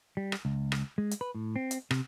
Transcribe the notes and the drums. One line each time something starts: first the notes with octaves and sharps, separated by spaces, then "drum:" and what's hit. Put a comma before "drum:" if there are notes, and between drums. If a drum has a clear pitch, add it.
G3
drum: rim click
C#2
drum: rim click
G#3
drum: hi-hat
B4
A2
C4
drum: hi-hat
C3, drum: rim click